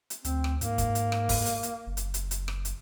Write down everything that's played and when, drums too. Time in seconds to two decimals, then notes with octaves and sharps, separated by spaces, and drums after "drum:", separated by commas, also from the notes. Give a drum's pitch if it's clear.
0.10 drum: hi-hat
0.25 D2 C4, drum: hi-hat
0.44 drum: rim click
0.61 G#2 A#3, drum: hi-hat
0.78 drum: kick, hi-hat
0.95 drum: hi-hat
1.12 drum: rim click
1.29 drum: kick, open hi-hat
1.46 drum: hi-hat
1.63 drum: hi-hat
1.87 F#1
1.97 drum: hi-hat
2.14 drum: hi-hat
2.31 drum: hi-hat
2.48 drum: rim click
2.65 drum: hi-hat